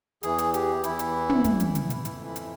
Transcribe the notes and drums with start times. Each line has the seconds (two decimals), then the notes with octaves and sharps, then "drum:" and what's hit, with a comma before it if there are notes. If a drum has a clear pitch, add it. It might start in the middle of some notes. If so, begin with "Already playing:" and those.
0.23 E2 E3 G#4, drum: hi-hat
0.38 drum: hi-hat
0.54 G4, drum: hi-hat
0.84 E2 E3 E4, drum: hi-hat
0.99 drum: hi-hat
1.29 drum: tom
1.44 E2 E3, drum: kick, hi-hat
1.60 drum: hi-hat
1.75 drum: hi-hat
1.90 drum: hi-hat
2.05 F2 E3 E4, drum: hi-hat
2.26 E4
2.36 drum: hi-hat